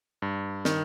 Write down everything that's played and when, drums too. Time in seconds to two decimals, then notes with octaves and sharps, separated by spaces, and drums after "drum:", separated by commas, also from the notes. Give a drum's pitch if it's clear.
0.22 G2
0.65 D#3, drum: snare